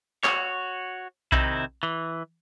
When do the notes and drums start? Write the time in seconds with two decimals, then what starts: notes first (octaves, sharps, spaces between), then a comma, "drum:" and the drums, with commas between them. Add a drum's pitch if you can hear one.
0.24 F#4 C#5, drum: clap
1.32 C3 D#3 C4 D#4 E4, drum: kick B1
1.83 E3